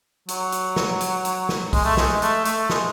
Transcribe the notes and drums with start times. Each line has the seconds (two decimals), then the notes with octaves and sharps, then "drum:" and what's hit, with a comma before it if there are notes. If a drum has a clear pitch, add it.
0.28 F#3, drum: hi-hat
0.52 drum: hi-hat
0.76 drum: snare
1.01 drum: hi-hat
1.25 drum: hi-hat
1.49 drum: snare
1.73 G#3, drum: kick B1, open hi-hat
1.85 A3
1.97 G#3, drum: snare
2.22 A3, drum: hi-hat
2.45 A3, drum: hi-hat
2.70 G#3, drum: snare